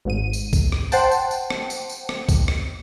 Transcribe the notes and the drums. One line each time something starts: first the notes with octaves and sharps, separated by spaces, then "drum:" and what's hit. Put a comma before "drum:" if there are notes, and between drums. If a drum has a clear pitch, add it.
G#1 G#2 D#7
drum: tambourine
drum: kick, tambourine
drum: rim click
C5 F#5 G5 A5, drum: tambourine
drum: tambourine
drum: tambourine
drum: rim click
drum: tambourine
drum: tambourine
drum: rim click
drum: kick, tambourine
drum: rim click